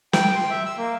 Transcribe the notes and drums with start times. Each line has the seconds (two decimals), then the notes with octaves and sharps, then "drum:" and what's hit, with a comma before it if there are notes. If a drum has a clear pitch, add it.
0.13 G5, drum: snare
0.35 C6
0.50 E5
0.66 E6
0.77 A#3